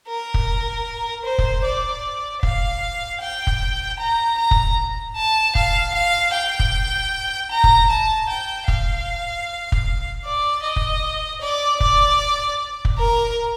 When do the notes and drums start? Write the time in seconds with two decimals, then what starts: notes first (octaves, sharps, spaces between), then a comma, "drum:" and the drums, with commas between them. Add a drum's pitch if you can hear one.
0.08 A#4
0.34 drum: kick
1.25 C5
1.38 drum: kick
1.64 D5
2.43 F5, drum: kick
3.21 G5
3.47 drum: kick
3.99 A#5
4.38 A#5
4.51 drum: kick
5.17 A5
5.55 F5, drum: kick
5.94 F5
6.34 G5
6.60 drum: kick
7.51 A#5
7.64 drum: kick
7.90 A5
8.29 G5
8.68 F5, drum: kick
9.72 drum: kick
10.24 D5
10.63 D#5
10.76 drum: kick
11.41 D5
11.80 D5, drum: kick
12.85 drum: kick
12.98 A#4